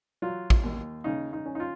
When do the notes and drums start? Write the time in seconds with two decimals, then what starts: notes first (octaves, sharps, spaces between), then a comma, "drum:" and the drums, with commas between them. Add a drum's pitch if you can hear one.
0.22 F#3 F4
0.50 drum: kick
0.64 D#2
1.04 C#3 D#4
1.33 D#4
1.46 C#4
1.55 D#4
1.60 F4